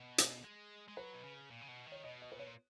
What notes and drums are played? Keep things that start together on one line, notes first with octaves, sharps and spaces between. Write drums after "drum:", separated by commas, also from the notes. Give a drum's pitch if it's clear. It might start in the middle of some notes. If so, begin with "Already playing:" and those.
Already playing: B2
drum: hi-hat
G#3
G#3
F#3 B4
B2
C#3
A#2
C#3
B2
D#3
C#5
B2 D#5
D#5
A#2 B4
B2 C#5
A#2